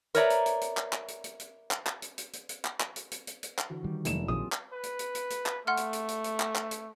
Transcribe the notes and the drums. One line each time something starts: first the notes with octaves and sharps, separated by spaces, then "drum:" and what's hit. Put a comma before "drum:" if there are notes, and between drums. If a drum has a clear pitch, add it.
A#4 B4 C#5 D5 E5 A#5, drum: hi-hat
drum: hi-hat
drum: hi-hat
drum: hi-hat
drum: clap
drum: clap
drum: hi-hat
drum: hi-hat
drum: hi-hat
drum: clap
drum: clap
drum: hi-hat
drum: hi-hat
drum: hi-hat
drum: hi-hat
drum: clap
drum: clap
drum: hi-hat
drum: hi-hat
drum: hi-hat
drum: hi-hat
drum: clap
D3 E3 F#4
D#3 G3
F1 F#3 A#3 E4 E7, drum: hi-hat
A#1 D#3 C4 F4 G#4 D#6
drum: clap
B4
drum: hi-hat
drum: hi-hat
drum: hi-hat
drum: hi-hat
drum: clap
A3 F#5 C6 F6
drum: hi-hat
drum: hi-hat
drum: hi-hat
drum: hi-hat
drum: clap
drum: clap
drum: hi-hat